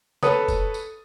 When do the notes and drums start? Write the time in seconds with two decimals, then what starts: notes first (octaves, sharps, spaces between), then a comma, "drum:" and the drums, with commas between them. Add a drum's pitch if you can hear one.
0.23 A4 B4 C#5 D#6, drum: snare
0.48 drum: kick, tambourine
0.74 drum: tambourine